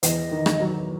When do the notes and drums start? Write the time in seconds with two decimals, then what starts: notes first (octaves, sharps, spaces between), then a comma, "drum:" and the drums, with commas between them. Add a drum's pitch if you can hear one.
0.03 E2 D#5, drum: hi-hat
0.31 D#3
0.46 drum: rim click
0.60 F#3